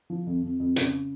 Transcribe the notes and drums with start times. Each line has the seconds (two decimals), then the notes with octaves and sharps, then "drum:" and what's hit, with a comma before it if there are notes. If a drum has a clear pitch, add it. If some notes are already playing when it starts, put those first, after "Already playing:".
0.10 F3
0.27 F2
0.42 F2
0.60 F2
0.76 C#3, drum: hi-hat